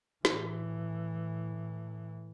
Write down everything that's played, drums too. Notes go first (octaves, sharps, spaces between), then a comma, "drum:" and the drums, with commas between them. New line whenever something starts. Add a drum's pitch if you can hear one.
A2 E3, drum: snare